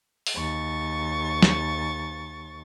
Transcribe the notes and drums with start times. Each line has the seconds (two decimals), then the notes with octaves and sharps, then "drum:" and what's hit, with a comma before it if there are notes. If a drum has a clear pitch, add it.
0.27 drum: open hi-hat
0.36 D#2 C#6 A6
1.43 drum: snare